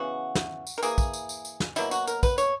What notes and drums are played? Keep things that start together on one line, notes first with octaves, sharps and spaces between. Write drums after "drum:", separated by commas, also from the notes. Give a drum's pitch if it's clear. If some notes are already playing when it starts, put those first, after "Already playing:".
Already playing: C#3 E3 B3 F#4
drum: snare
drum: tambourine
A#4
E3 A#3 G#4, drum: tambourine
drum: kick, tambourine
drum: tambourine
drum: tambourine
drum: tambourine
drum: snare
B2 F#3 A#3 E4, drum: tambourine
F#4, drum: tambourine
A#4, drum: tambourine
B4, drum: kick, tambourine
C#5, drum: tambourine